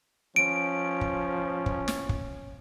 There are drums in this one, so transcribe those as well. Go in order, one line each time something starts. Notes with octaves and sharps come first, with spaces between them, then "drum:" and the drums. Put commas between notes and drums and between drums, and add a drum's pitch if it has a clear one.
F3 C#4 D7
drum: kick
drum: kick
drum: snare
drum: kick